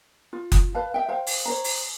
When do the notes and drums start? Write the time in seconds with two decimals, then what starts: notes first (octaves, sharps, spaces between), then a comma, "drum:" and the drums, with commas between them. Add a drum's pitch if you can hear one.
0.33 F4
0.52 drum: kick F#1, hi-hat
0.75 B4 F5 A5
0.94 E5 G5
1.09 C5 F5 G5
1.27 drum: open hi-hat
1.46 C5 C#5 A#5
1.64 drum: open hi-hat